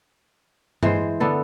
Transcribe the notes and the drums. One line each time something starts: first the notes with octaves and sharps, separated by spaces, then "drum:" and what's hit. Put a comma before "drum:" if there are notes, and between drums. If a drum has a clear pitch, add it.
E3 G#3 C5, drum: tom G2
D3 B3 A4